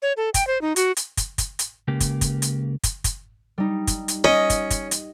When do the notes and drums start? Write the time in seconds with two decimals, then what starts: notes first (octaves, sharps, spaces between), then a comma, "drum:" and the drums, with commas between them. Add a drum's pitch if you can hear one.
0.02 C#5
0.17 A4
0.34 G5, drum: kick, hi-hat
0.47 C5
0.61 D#4
0.76 F#4, drum: hi-hat
0.97 drum: hi-hat
1.17 drum: kick, hi-hat
1.38 drum: kick, hi-hat
1.59 drum: hi-hat
1.88 C#2 C#3 A#3 G4
2.00 drum: kick, hi-hat
2.21 drum: kick, hi-hat
2.42 drum: hi-hat
2.83 drum: kick, hi-hat
3.04 drum: kick, hi-hat
3.58 G3 D#4
3.87 drum: kick, hi-hat
4.08 drum: hi-hat
4.24 C#4 D#5
4.50 drum: kick, hi-hat
4.70 drum: kick, hi-hat
4.91 drum: hi-hat